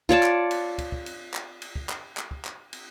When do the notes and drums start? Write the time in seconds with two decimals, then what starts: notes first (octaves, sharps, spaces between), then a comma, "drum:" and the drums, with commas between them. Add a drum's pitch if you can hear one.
0.09 F4 C#5 D5 A5, drum: kick
0.23 drum: clap
0.51 drum: cymbal
0.78 drum: kick, cymbal
0.92 drum: kick
1.06 drum: cymbal
1.34 drum: clap
1.62 drum: cymbal
1.76 drum: kick
1.89 drum: clap
2.17 drum: clap
2.31 drum: kick
2.45 drum: clap
2.73 drum: cymbal